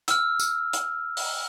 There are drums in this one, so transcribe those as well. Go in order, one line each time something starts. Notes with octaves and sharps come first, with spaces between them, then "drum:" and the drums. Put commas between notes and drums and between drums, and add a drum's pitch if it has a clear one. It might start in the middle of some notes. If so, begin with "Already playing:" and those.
E6 F6, drum: hi-hat
drum: tambourine
drum: hi-hat
drum: open hi-hat